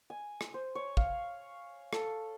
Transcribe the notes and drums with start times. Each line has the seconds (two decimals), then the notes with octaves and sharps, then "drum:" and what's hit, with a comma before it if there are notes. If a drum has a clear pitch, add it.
0.10 G#5
0.41 drum: rim click
0.54 C5
0.75 C#5
0.97 F5, drum: kick
1.93 A4, drum: rim click